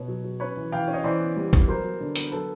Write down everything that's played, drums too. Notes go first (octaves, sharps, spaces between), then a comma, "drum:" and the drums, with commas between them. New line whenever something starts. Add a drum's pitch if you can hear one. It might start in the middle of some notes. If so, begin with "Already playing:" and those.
Already playing: B2 B3 B4 C#5
F#3
F#3
C#4 B4 C#5
E3
E3 F5 G5
C#4
C#5 D#5
E3 C5 D5
B3
G3
B3, drum: kick A1
F#3 A#4 C5
F#3
D3
B3, drum: open hi-hat
F#3 A4 B4